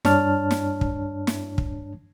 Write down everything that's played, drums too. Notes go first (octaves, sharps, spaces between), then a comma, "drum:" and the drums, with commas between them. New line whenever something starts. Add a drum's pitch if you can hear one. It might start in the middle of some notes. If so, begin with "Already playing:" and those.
G2 D4 C#5 A5 F6, drum: snare
drum: snare
drum: kick
drum: snare
drum: kick